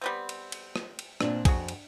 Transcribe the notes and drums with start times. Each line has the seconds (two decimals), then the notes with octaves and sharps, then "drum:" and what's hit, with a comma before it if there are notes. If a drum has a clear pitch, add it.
0.01 G3 B3 C4
0.29 drum: cymbal
0.52 drum: cymbal
0.76 drum: rim click
0.99 drum: cymbal
1.21 A#2 C4 D4, drum: rim click
1.45 F2 F#4 G#4, drum: kick, cymbal
1.68 drum: cymbal